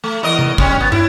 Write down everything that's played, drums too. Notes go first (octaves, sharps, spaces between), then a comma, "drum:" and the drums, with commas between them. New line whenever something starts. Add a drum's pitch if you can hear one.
A3
E2 A#4 D#5
drum: tom C3
G3 C#4, drum: kick
B3
E4, drum: tom